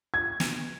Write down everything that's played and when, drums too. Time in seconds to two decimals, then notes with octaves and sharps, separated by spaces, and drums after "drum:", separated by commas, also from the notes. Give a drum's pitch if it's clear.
0.14 G#6
0.40 drum: snare